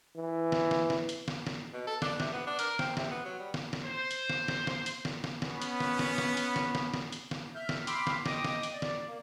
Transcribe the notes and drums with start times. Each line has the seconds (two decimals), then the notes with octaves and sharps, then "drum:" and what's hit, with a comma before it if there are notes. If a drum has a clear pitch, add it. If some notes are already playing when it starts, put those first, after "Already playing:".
0.16 E3
0.52 drum: snare
0.71 drum: snare
0.90 drum: snare
1.09 drum: hi-hat
1.28 drum: snare
1.47 drum: snare
1.73 B2
1.87 A4
2.02 D4, drum: snare
2.20 C3, drum: snare
2.33 B3
2.46 D4
2.59 A#4, drum: hi-hat
2.79 C4, drum: snare
2.97 C3, drum: snare
3.11 B3
3.25 F#3
3.39 G3
3.54 drum: snare
3.73 drum: snare
3.84 C5
4.11 drum: hi-hat
4.30 drum: snare
4.48 drum: snare
4.67 drum: snare
4.86 drum: hi-hat
5.05 drum: snare
5.24 drum: snare
5.42 B3 C#4, drum: snare
5.62 drum: hi-hat
5.80 drum: snare
5.99 drum: snare
6.18 drum: snare
6.37 drum: hi-hat
6.56 drum: snare
6.75 drum: snare
6.94 drum: snare
7.12 drum: hi-hat
7.31 drum: snare
7.55 E5 F6 G6
7.69 drum: snare
7.87 G5 B5 C6 D6 E6 F6, drum: hi-hat
8.07 drum: snare
8.26 D#5 G5 D6 D#6, drum: snare
8.44 drum: snare
8.63 drum: hi-hat
8.73 D5
8.82 drum: snare
9.07 A#3